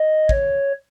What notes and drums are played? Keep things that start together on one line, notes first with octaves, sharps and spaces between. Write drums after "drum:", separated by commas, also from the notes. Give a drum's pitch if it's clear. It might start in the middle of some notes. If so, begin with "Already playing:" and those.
Already playing: D#5
C#5, drum: kick